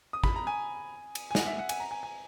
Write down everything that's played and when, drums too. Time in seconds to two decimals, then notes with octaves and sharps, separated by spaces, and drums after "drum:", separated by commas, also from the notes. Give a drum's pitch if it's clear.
0.13 D#6
0.24 B5, drum: kick
0.36 A#5
0.47 G#5
1.15 drum: cymbal
1.31 G#5
1.35 F#5, drum: snare
1.46 E5
1.58 F#5
1.69 G#5, drum: cymbal
1.80 A#5
1.91 G#5
2.03 G#5